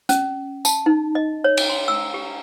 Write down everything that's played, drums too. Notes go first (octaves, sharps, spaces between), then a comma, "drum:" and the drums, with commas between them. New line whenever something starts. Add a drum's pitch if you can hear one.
C#4, drum: hi-hat
A5, drum: tambourine
D#4
D#5
C#5
drum: cymbal
C6
E6
G4